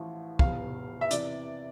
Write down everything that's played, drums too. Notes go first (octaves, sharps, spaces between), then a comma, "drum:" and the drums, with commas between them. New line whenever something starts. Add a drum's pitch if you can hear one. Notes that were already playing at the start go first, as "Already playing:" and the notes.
Already playing: A1 A2 F3
F1 E2 B2 F5, drum: kick
E5
C3 E3 D5, drum: hi-hat